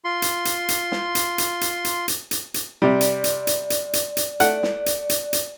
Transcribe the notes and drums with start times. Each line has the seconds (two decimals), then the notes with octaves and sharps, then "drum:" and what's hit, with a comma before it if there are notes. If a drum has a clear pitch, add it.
0.05 F4 C6
0.22 drum: hi-hat
0.45 drum: hi-hat
0.68 drum: hi-hat
0.92 drum: snare
1.15 drum: hi-hat
1.38 drum: hi-hat
1.61 drum: hi-hat
1.85 drum: hi-hat
2.08 drum: hi-hat
2.31 drum: hi-hat
2.54 drum: hi-hat
2.82 C3 G3 D5
3.01 drum: hi-hat
3.24 drum: hi-hat
3.47 drum: hi-hat
3.70 drum: hi-hat
3.93 drum: hi-hat
4.17 drum: hi-hat
4.40 A3 D5 F#5, drum: hi-hat
4.63 drum: snare
4.86 drum: hi-hat
5.09 drum: hi-hat
5.33 drum: hi-hat